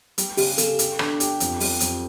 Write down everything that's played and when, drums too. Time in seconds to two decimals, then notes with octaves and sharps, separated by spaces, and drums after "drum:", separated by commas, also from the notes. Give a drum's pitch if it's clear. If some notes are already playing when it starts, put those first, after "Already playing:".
0.18 G3, drum: hi-hat
0.37 C#3 G4, drum: open hi-hat
0.58 C#3 A4, drum: hi-hat
0.79 G4, drum: hi-hat
0.99 D4, drum: rim click
1.20 G4, drum: hi-hat
1.40 F2, drum: hi-hat
1.60 G3, drum: open hi-hat
1.80 F2, drum: hi-hat